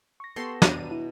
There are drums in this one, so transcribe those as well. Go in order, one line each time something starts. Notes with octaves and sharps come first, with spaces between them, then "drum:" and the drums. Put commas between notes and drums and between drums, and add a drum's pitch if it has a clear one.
C#6 A#6
B3 G4 A4 C6
B2 D4 A#5 D#7, drum: snare
E4